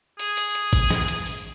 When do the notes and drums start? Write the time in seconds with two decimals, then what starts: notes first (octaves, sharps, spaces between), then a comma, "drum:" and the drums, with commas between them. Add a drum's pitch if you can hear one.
0.20 G#4, drum: hi-hat
0.37 drum: hi-hat
0.55 drum: hi-hat
0.73 drum: kick, hi-hat
0.90 drum: snare
1.08 drum: hi-hat
1.26 drum: open hi-hat